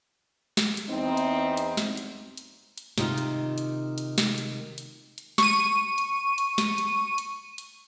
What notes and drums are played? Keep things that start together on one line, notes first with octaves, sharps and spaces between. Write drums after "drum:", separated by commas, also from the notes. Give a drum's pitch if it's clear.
drum: snare
drum: hi-hat
E2 C4 D#4
drum: hi-hat
drum: hi-hat
drum: snare
drum: hi-hat
drum: hi-hat
drum: hi-hat
C3 D#3 D#4 F4, drum: snare
drum: hi-hat
drum: hi-hat
drum: hi-hat
drum: snare
drum: hi-hat
drum: hi-hat
drum: hi-hat
C#6 D#7, drum: snare
drum: hi-hat
drum: hi-hat
drum: snare
drum: hi-hat
drum: hi-hat
drum: hi-hat